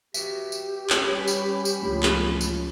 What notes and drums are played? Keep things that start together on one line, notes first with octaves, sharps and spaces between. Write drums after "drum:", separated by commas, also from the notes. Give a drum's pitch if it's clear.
F#4 G4 B4 E5, drum: tambourine
drum: tambourine
drum: clap
G3 C#4 B4 B5
drum: tambourine
drum: tambourine
C#2 A2 F3 A#3 D4
drum: clap
drum: tambourine